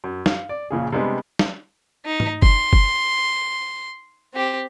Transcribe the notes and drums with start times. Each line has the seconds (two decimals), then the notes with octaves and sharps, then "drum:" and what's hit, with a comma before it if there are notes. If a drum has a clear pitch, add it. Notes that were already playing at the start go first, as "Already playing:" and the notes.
0.04 F#2
0.26 F5, drum: snare
0.49 D5
0.71 A#1 A#2 C#3 G#4
0.92 C3 G3 G#3 B3 D4
1.39 drum: snare
2.05 D#4
2.20 drum: tom G#2
2.42 C6, drum: kick
2.73 drum: kick
4.33 C4 G4